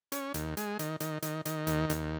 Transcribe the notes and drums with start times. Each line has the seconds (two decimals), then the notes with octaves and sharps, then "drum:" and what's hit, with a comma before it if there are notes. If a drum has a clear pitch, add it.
0.12 C#4, drum: hi-hat
0.34 D#2, drum: hi-hat
0.57 G#3, drum: hi-hat
0.79 D#3, drum: hi-hat
1.00 D#3, drum: hi-hat
1.22 D#3, drum: hi-hat
1.45 D#3, drum: hi-hat
1.67 D#2, drum: hi-hat
1.90 D#2, drum: hi-hat